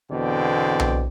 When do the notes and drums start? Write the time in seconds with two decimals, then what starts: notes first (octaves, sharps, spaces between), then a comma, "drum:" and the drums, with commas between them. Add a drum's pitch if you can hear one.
0.11 E2 B2 D3 C4 D5 G5
0.80 drum: tom B1